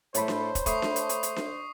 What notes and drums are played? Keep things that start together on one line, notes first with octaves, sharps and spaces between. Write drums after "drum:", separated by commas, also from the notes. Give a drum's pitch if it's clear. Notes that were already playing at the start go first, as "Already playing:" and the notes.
A2 A3 C5 C#5 A5 B5, drum: hi-hat
drum: snare D4
drum: kick, hi-hat
A3 C#6 D#6 C7, drum: kick, hi-hat
drum: snare D4
drum: hi-hat
drum: hi-hat
drum: hi-hat
drum: snare D4